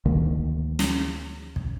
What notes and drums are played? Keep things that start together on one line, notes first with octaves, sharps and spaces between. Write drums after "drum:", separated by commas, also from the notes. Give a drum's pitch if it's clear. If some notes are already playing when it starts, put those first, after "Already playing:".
D2 D#3 A#3
drum: snare
drum: kick